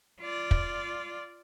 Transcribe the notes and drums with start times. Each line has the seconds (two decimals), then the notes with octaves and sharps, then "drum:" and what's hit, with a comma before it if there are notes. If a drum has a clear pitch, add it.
0.21 F4 D5
0.51 drum: kick